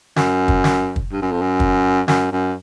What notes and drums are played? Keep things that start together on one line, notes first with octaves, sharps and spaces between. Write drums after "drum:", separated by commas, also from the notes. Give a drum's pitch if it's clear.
F#2, drum: snare
drum: kick
drum: snare
drum: kick
G2
F#2
F2
F#2
drum: kick
F#2, drum: snare
F#2